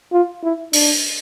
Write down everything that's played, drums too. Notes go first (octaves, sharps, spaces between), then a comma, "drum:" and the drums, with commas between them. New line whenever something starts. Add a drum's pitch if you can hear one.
F4
E4
D4, drum: open hi-hat